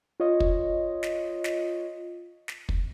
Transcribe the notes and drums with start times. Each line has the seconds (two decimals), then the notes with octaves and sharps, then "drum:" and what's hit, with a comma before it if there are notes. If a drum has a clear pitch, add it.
0.20 F4 C#5 D#5
0.40 drum: kick
1.03 drum: snare
1.44 drum: snare
2.48 drum: snare
2.69 drum: kick